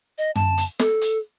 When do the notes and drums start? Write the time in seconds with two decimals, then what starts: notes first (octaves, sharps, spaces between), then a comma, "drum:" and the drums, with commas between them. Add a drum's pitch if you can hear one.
0.18 D#5
0.35 A5, drum: tom F#2
0.58 drum: hi-hat
0.79 A4, drum: snare
1.01 drum: hi-hat